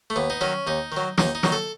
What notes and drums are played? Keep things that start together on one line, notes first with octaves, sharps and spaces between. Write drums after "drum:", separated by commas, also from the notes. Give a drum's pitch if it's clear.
A3
D#2 B3
D#4
D#3 F#3 C#4
D#2 D#4
D#3 F#3
D#2 D#4, drum: snare
D#4
D#3 F#3, drum: snare
A4